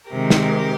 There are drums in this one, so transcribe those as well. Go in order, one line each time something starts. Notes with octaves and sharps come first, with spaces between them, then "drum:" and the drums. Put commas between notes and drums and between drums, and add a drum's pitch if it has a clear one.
C3 D#3 G#3 G4 A#4
drum: snare